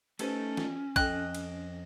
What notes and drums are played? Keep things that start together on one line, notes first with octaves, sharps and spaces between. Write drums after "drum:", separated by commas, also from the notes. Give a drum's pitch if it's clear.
A3 C#4 D#4 G4 A4 B4 C5, drum: cymbal
drum: snare
F2 A4 D#5 G5 F#6, drum: kick, cymbal
drum: cymbal